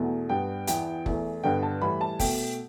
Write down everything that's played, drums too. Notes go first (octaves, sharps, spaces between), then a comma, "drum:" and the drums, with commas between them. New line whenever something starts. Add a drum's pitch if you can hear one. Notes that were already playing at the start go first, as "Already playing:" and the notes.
Already playing: E2 B2 A3
G2 G3 B3 G5
E2 E3 B3 G5, drum: hi-hat
E2 E3 A3, drum: kick F1
G2 D3 B3 G5
A5
A2 E3 G3 B5
A5
B2 A3 G5, drum: kick F1, open hi-hat